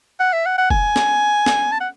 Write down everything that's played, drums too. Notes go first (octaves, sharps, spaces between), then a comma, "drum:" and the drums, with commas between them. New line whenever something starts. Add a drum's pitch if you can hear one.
F#5
E5
F#5
F#5
G#5, drum: kick F1
drum: snare
drum: snare
A5
F#5